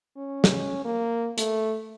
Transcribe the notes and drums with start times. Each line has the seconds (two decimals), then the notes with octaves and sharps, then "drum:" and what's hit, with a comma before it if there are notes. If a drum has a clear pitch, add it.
0.17 C#4
0.44 drum: snare
0.85 A#3
1.38 A3, drum: hi-hat